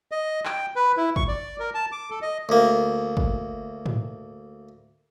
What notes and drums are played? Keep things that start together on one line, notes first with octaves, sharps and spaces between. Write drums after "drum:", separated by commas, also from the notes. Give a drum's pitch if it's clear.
D#5
G5, drum: clap
B4
E4
C#6, drum: kick
D5
A#4
A5
D6
A4
D#5
D2 A#3
drum: kick
drum: tom G#2